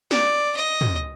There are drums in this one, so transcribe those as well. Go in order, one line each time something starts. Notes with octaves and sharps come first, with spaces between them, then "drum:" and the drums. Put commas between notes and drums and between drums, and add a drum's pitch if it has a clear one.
D5, drum: snare
D#5
drum: tom